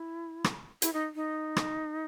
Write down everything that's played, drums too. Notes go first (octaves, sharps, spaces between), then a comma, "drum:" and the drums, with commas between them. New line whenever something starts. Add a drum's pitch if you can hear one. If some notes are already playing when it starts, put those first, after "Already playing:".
Already playing: E4
drum: rim click
E4, drum: hi-hat
D#4
D#4
drum: rim click